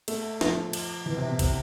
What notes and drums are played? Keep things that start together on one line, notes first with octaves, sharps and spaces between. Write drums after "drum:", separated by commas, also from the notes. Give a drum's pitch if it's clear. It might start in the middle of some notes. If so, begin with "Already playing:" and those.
A3, drum: cymbal
F3, drum: snare
drum: cymbal
E3
C3
C3
C3, drum: kick, cymbal